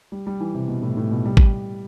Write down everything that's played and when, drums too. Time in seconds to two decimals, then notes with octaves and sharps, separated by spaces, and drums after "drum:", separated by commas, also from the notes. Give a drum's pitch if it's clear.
0.12 G3
0.27 G3
0.40 E3
0.54 C3
0.68 B2
0.82 A2
0.97 A2
1.11 B2
1.26 G3
1.37 drum: kick